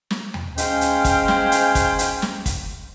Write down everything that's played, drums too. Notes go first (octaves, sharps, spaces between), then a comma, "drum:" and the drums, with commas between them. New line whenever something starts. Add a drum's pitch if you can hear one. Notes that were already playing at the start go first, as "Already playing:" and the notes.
drum: snare
drum: tom D#2
G#3 C#4 C5 F5 G5, drum: hi-hat
drum: hi-hat
drum: kick, hi-hat
drum: snare
drum: hi-hat
drum: kick, hi-hat
drum: hi-hat
drum: snare
drum: kick, hi-hat